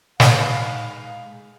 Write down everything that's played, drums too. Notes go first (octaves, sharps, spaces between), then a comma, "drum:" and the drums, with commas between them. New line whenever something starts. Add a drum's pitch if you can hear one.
G#3 D#4 B4 F5 B5, drum: snare